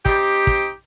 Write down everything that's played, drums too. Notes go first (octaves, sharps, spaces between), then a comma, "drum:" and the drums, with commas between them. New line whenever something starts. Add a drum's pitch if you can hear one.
C4 D#4 G4, drum: kick
drum: kick